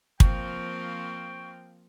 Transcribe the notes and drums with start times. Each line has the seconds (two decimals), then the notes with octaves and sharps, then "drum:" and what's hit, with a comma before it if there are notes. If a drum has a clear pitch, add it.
0.20 F3 A#3 C4 G5 C#6, drum: kick